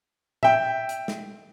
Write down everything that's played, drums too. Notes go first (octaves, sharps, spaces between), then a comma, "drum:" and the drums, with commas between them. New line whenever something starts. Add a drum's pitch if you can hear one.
E5 G5, drum: tom A2
drum: hi-hat
drum: snare